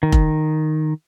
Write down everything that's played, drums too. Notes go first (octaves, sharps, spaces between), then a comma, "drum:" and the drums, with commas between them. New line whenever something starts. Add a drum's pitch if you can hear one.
D#3
drum: kick F1